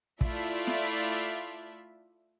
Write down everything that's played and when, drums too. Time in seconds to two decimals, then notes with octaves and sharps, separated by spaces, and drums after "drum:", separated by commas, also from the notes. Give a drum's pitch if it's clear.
0.21 A3 E4 F4 D5 E5, drum: kick
0.67 drum: snare